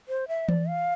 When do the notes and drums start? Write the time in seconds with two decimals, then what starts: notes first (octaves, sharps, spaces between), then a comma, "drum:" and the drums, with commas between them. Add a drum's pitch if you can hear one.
0.08 C5
0.28 E5
0.49 D5, drum: tom E3
0.68 F5